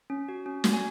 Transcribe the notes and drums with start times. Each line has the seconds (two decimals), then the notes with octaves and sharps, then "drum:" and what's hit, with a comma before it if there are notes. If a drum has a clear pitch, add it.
0.10 C#4
0.29 F#4
0.46 C#4
0.64 F#4, drum: snare
0.73 G#5